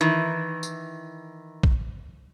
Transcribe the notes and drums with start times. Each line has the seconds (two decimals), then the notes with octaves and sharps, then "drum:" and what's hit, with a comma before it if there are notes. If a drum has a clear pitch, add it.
0.01 D#3 E3
0.63 drum: tambourine
1.63 drum: kick